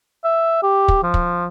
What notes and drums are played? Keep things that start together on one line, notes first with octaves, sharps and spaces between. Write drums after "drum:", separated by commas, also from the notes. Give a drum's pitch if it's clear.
E5
G4
drum: kick
F3
drum: kick